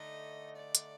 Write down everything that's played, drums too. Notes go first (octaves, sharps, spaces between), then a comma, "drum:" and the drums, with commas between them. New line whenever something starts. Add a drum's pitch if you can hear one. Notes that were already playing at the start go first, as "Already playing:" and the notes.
Already playing: D3 A3 D#4 D#5
D5
drum: hi-hat